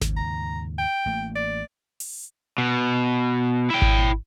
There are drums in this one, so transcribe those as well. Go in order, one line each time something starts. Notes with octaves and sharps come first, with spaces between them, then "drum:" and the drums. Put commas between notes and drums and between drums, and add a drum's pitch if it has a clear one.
D#2 G#2 C#3, drum: snare G#1
A#5
G5
A1 A3 A#3
D5
drum: open hi-hat
B2
E4 G5
drum: kick G#1